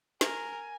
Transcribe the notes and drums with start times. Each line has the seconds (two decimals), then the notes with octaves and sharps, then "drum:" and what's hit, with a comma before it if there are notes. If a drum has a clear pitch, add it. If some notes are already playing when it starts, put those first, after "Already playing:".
0.21 A#4 G#5, drum: snare